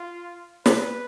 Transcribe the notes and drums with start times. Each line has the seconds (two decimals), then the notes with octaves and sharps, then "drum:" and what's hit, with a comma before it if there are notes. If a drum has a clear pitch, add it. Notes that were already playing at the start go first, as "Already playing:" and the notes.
Already playing: F4
0.66 B4, drum: snare